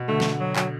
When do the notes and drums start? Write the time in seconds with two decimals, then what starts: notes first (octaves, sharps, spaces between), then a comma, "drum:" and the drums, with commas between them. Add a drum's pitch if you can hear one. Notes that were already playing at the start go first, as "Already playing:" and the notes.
Already playing: B2
0.09 D3 A3
0.20 drum: snare
0.41 F#3
0.56 F#3, drum: clap